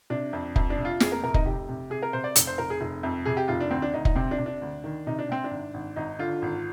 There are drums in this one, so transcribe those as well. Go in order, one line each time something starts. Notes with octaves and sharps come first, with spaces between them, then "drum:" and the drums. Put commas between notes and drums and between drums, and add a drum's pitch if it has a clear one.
C3 D4
F2
F2, drum: kick
D4
C3
F4
F2 G#4, drum: snare
A#4
C3 A#4
D#4, drum: kick
F1 G4
C3
C3 G#4
A#4
C3 C5
D5
F1, drum: hi-hat
C5
F1 A#4
G#4
F1
F2
C3 G#4
G4
F1 F4
D4
D2 C4
D4
D2 D#4
D#4, drum: kick
C3 C4
D4
C3
D4
D2
D#3
C3 D#4
D4
C3 C4
D4
G#1
G#1
G#1 D#4
D3 F4
G#1